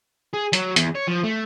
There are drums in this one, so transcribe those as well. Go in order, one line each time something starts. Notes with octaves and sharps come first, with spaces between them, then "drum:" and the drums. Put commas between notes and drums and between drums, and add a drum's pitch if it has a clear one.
G#4
F#3, drum: hi-hat
E2, drum: hi-hat
C#5
F3
A3